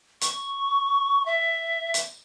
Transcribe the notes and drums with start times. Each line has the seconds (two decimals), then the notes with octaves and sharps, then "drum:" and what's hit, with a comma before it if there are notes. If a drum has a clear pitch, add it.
0.21 C#6, drum: hi-hat
1.26 E5
1.94 drum: hi-hat